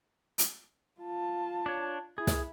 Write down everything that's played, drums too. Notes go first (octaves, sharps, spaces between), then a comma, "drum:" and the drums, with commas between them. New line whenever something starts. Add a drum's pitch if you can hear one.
drum: hi-hat
F4 A5
D4 C#5
E4 G#4
drum: snare